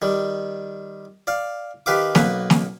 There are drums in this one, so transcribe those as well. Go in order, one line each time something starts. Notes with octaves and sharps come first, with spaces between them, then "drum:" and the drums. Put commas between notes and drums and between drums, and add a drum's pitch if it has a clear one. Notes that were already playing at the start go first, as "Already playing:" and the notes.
D#3 G3
D5 F5
D#3 G4 B4 F5 D6
B1 A#3 B4, drum: snare
drum: snare